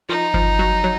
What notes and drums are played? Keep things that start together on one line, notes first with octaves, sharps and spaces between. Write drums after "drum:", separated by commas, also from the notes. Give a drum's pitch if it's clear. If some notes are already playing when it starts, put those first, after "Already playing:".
F3 D#4
F3, drum: kick G1
F#3
F#3